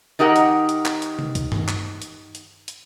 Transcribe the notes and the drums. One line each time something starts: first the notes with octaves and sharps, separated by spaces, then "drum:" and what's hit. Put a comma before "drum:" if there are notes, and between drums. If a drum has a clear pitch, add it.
D#3 D#4 G4 A#4 F#5
drum: hi-hat
drum: hi-hat
drum: clap
drum: hi-hat
drum: tom C3
drum: kick, hi-hat
drum: tom G2
drum: clap
drum: hi-hat
drum: hi-hat
drum: hi-hat